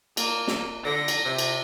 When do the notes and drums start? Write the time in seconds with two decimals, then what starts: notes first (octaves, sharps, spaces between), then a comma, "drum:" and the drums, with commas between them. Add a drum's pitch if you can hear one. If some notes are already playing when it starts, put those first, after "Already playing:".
0.17 A#3, drum: cymbal
0.48 drum: snare
0.85 D3 A#6
1.08 drum: cymbal
1.25 C3
1.38 drum: cymbal